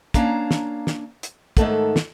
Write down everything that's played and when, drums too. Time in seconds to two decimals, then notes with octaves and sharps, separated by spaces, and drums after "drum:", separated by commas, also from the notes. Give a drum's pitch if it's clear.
0.14 A#3 C#4 D4 F5 A5 A#5, drum: kick, hi-hat
0.51 drum: snare
0.87 drum: snare
1.23 drum: hi-hat
1.57 G#2 D#3 A3 A4 F#5, drum: kick, hi-hat
1.96 drum: snare